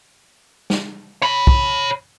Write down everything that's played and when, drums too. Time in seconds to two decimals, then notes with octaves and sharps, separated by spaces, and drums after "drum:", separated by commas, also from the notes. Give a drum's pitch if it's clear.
0.70 drum: snare
1.22 C#5 B5
1.47 drum: kick